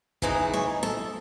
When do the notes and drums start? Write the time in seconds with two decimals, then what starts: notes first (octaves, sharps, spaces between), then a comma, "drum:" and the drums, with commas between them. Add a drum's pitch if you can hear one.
0.22 C#3 E3 G#3 D#4 D#5, drum: kick
0.53 C#5, drum: snare
0.83 A4, drum: snare